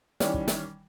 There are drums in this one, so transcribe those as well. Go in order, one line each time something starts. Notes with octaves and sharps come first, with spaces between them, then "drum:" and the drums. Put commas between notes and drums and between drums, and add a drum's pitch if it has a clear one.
D#3 E3 G3 C#4, drum: snare
drum: kick
drum: snare